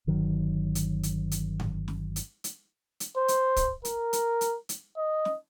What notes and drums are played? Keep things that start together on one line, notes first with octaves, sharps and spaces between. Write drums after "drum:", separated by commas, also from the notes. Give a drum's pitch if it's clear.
G1 D#3 F#3
drum: hi-hat
drum: hi-hat
drum: hi-hat
drum: tom G#2
drum: snare
drum: hi-hat
drum: hi-hat
drum: hi-hat
C5
drum: hi-hat
drum: kick, hi-hat
A#4, drum: hi-hat
drum: hi-hat
drum: hi-hat
drum: hi-hat
D#5
drum: snare